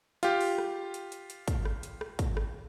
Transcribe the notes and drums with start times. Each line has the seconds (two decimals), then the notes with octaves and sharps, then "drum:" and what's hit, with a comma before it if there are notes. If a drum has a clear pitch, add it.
0.23 F4 G4, drum: hi-hat
0.41 drum: open hi-hat
0.58 drum: rim click
0.94 drum: hi-hat
1.12 drum: hi-hat
1.30 drum: hi-hat
1.48 drum: kick, hi-hat
1.65 drum: rim click
1.83 drum: hi-hat
2.01 drum: rim click
2.19 drum: kick, hi-hat
2.37 drum: rim click